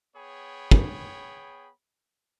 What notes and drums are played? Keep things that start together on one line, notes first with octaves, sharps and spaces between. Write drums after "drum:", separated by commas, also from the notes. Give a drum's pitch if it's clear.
B3 G#4 C#5 G5 B5
drum: kick